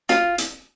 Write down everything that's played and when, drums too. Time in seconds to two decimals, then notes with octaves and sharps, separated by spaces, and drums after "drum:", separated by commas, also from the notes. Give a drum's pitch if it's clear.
0.09 F4, drum: snare
0.38 drum: hi-hat